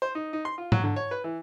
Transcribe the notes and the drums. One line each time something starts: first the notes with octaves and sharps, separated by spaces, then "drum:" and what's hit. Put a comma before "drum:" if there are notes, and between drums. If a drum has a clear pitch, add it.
C5
D#4
D#4
C6
F4
F#3, drum: tom G#2
D3
C#5
B4
E3